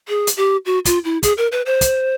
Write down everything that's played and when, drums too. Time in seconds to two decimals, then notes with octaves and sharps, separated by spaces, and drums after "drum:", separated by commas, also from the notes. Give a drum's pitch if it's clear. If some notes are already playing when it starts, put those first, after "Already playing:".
0.08 G#4
0.27 drum: hi-hat
0.37 G4
0.66 F#4
0.85 F4, drum: kick, hi-hat
1.05 E4
1.23 G#4, drum: kick, hi-hat
1.38 A#4
1.52 B4
1.66 C5
1.81 drum: kick, hi-hat